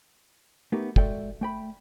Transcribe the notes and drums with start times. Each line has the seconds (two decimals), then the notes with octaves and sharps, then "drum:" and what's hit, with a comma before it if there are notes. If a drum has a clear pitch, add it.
0.72 A3 B3 D#4 G4 A#4
0.96 G#3 F#4 A4 D5 E5 G5, drum: kick
1.41 A3 G5 B5